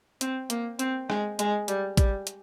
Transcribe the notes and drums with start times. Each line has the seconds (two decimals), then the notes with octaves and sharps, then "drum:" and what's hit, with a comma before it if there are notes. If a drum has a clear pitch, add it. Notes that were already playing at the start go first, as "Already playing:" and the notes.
0.21 C4, drum: hi-hat
0.50 A#3, drum: hi-hat
0.79 C4, drum: hi-hat
1.10 G#3, drum: rim click
1.39 G#3, drum: hi-hat
1.68 G3, drum: hi-hat
1.97 G3, drum: kick A1, hi-hat
2.27 drum: hi-hat